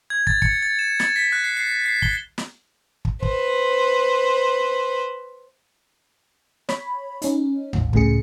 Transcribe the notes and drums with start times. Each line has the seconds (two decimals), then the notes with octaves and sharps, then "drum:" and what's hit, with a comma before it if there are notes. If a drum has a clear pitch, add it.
0.10 G#6
0.27 A6, drum: kick
0.42 C#7, drum: kick
0.62 A6
0.79 E7
1.00 A6, drum: snare
1.16 B6
1.32 F#6
1.44 C7
1.57 C7
1.86 C7
2.02 G7, drum: kick
2.38 drum: snare
3.05 drum: kick
3.22 B4 C5, drum: kick
6.69 C#5 B5, drum: snare
7.22 C#4 D#4, drum: hi-hat
7.73 A1, drum: tom D#2
7.93 C#2 A2 C#3 G#4 C#7, drum: kick